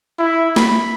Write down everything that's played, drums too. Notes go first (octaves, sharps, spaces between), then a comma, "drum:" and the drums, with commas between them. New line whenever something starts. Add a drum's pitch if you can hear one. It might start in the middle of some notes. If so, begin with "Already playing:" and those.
E4
B5, drum: snare A#3